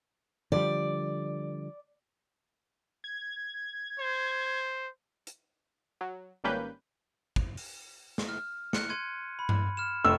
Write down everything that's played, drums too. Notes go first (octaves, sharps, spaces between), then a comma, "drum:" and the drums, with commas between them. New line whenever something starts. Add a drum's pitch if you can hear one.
D3 F3 G3 D5
G#6
C5
drum: hi-hat
F#3
G#1 G3 A#3 C#4 B4 G6
drum: kick
drum: open hi-hat
drum: snare
F6
F#6 C#7, drum: snare
C6 G#6 D#7
B5
drum: tom G2
F6 E7
F1 C#6 E6